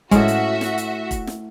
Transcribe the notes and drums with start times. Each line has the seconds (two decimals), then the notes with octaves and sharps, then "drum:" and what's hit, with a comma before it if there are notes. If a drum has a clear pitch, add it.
0.11 A2 G#3 C#4 F#4 E5, drum: kick F1, hi-hat
0.28 drum: hi-hat
0.61 drum: snare
0.78 drum: hi-hat
1.11 drum: kick F1, hi-hat
1.27 drum: snare